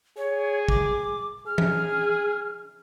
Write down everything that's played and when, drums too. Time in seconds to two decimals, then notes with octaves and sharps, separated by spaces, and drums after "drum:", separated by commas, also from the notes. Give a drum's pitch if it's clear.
0.17 G#4 C#5
0.68 D6, drum: kick
1.47 G#4 F6
1.58 drum: tom E3